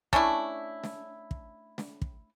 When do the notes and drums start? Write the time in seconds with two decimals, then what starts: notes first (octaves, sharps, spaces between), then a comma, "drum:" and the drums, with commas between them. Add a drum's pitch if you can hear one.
0.13 A3 C#4 D4 E4, drum: kick
0.84 drum: snare
1.31 drum: kick
1.78 drum: snare
2.02 drum: kick